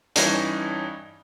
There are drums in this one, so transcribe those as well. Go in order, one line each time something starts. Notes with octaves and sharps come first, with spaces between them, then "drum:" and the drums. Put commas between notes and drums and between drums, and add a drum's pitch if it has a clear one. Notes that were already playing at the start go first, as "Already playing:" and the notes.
G2 E3 C#4 D#4, drum: hi-hat